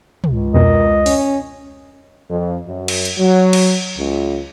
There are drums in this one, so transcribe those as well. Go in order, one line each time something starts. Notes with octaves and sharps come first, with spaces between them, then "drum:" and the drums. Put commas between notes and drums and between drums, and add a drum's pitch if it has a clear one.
C#2, drum: tom
F2 B2 A#4 D#5
C#4, drum: open hi-hat
F2
F#2
drum: cymbal
drum: hi-hat
F#3
drum: cymbal
C#2